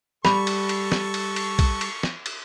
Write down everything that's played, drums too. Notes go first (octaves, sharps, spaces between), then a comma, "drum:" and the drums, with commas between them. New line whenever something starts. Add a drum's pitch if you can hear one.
G3 A4 B5 C#6, drum: snare
drum: cymbal
drum: cymbal
drum: snare
drum: cymbal
drum: cymbal
drum: kick B1, cymbal
drum: cymbal
drum: snare
drum: cymbal